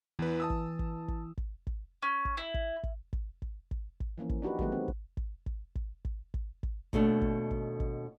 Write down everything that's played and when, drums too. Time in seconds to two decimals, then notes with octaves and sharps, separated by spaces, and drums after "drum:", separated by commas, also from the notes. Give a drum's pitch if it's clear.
0.19 E2 E3 B4
0.40 A5 D#6 E6
0.50 drum: kick
0.79 drum: kick
1.08 drum: kick
1.38 drum: kick
1.67 drum: kick
2.02 C#4
2.25 drum: kick
2.37 E4
2.54 drum: kick
2.83 drum: kick
3.13 drum: kick
3.42 drum: kick
3.71 drum: kick
4.00 drum: kick
4.18 E3 F3 A#3 C#4
4.29 drum: kick
4.42 D4 D#4 F#4 G4 B4
4.59 D#3 F#3 G#3 A3 B3, drum: kick
4.72 C4
4.88 drum: kick
5.17 drum: kick
5.46 drum: kick
5.75 drum: kick
6.05 drum: kick
6.34 drum: kick
6.63 drum: kick
6.93 D#2 B2 A3 D4, drum: kick
7.21 drum: kick
7.51 drum: kick
7.80 drum: kick